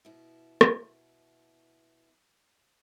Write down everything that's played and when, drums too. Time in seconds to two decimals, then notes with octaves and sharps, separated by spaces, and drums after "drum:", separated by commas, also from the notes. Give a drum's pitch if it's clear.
0.05 B2 E4
0.61 drum: rim click